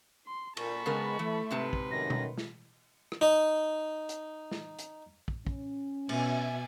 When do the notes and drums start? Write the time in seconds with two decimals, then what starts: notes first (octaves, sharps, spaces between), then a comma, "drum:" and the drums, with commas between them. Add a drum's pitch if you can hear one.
0.26 C6
0.57 A#2 A5 B5 C#6, drum: cymbal
0.86 C#3 G#3 B3 A#4
1.19 E3 A3
1.51 G#2 C3 B4 A5 C6
1.73 drum: kick
1.91 F#2 A2 D#3 A#6
2.10 drum: tom B2
2.38 drum: snare
3.12 drum: rim click
3.21 D#4 D#5
4.09 drum: hi-hat
4.51 drum: snare
4.79 drum: hi-hat
5.28 drum: kick
5.47 C#4, drum: kick
6.09 B2 E5 G#5, drum: cymbal